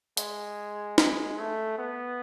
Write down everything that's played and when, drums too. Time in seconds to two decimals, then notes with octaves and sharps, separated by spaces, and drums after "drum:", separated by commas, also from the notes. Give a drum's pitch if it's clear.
0.17 G#3, drum: hi-hat
0.98 G#3, drum: snare
1.39 A3
1.78 B3